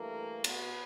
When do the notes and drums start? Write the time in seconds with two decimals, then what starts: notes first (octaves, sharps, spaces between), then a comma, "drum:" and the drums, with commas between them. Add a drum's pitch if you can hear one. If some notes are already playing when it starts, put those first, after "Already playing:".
Already playing: G2 E3 A3 A#3
0.44 B2 B3, drum: cymbal